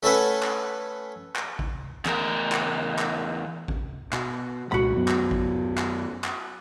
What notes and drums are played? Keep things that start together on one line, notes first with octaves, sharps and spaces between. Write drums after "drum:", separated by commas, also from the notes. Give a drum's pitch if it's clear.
A3 C#4 A4 B4 F#5 G#5
drum: clap
drum: clap
drum: kick A1
E2 A#4, drum: clap
drum: clap
drum: clap
drum: kick A1
B2, drum: clap
C2 A#2 G#3 F#4 B5
F#2 F#3 B3
drum: clap
drum: kick A1
drum: clap
drum: clap